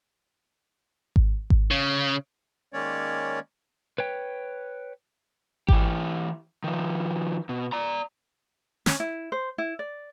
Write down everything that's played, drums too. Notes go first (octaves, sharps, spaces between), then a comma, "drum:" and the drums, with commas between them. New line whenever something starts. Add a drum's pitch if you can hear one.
drum: kick G#1
drum: kick G#1
C#3
D#3 G#3 A#3 C#4 C#5 D5
B4 C#5 G5
E3 G4, drum: kick G#1
D#3 F3
B2
D5 A#5
C#4, drum: snare
E4
C5
E4
D5